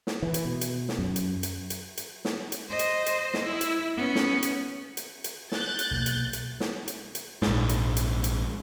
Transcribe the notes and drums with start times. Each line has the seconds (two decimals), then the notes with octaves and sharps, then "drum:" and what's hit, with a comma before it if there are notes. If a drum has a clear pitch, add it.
0.07 drum: snare
0.23 E3
0.34 drum: hi-hat
0.45 B2
0.61 drum: hi-hat
0.89 drum: snare
0.99 F#2
1.16 drum: hi-hat
1.43 drum: hi-hat
1.70 drum: hi-hat
1.97 drum: hi-hat
2.25 drum: snare
2.52 drum: hi-hat
2.69 C5 D#5
2.79 drum: hi-hat
3.06 drum: hi-hat
3.34 drum: snare
3.44 E4
3.61 drum: hi-hat
3.97 B3 C#4
4.15 drum: snare
4.43 drum: hi-hat
4.97 drum: hi-hat
5.24 drum: hi-hat
5.52 F#6 G6 A6, drum: snare
5.79 drum: hi-hat
5.91 B1 B2 A#3
6.06 drum: hi-hat
6.33 drum: hi-hat
6.60 drum: snare
6.88 drum: hi-hat
7.15 drum: hi-hat
7.42 A#1 G#2, drum: snare
7.69 drum: hi-hat
7.97 drum: hi-hat
8.24 drum: hi-hat